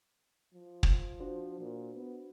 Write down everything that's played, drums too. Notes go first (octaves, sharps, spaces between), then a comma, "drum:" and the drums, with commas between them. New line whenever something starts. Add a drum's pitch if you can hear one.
F3
drum: kick
D4 F#4 C5
A#2
B3